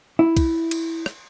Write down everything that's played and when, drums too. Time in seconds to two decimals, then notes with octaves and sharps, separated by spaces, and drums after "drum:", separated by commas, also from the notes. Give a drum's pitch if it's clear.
0.19 E4
0.37 drum: kick, cymbal
0.71 drum: cymbal
1.06 drum: rim click